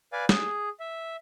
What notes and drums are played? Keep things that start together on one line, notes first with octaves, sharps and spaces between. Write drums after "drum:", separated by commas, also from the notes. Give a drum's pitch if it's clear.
B4 D5 F5 G#5
G#4, drum: snare
E5